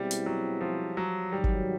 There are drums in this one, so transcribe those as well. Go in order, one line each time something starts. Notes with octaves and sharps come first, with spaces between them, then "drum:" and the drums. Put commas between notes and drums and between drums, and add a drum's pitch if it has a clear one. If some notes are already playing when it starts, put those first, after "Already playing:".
Already playing: B2 G3 G#3 C4 E4
drum: hi-hat
F#3
F3
F#3
G#2 D#3 F#3 G3
drum: kick G1